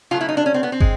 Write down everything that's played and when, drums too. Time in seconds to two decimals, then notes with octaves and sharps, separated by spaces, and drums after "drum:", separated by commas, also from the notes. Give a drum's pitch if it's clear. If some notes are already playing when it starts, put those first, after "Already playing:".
0.11 C#3 F#3 A3 F4
0.21 E4
0.29 D#4
0.37 D4
0.46 C#4
0.54 C4
0.63 B3
0.72 C4
0.80 G#3, drum: kick